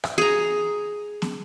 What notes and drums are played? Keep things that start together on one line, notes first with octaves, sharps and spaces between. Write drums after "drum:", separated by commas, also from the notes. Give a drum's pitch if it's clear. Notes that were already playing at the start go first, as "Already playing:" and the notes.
drum: rim click
G#4 A#5
drum: snare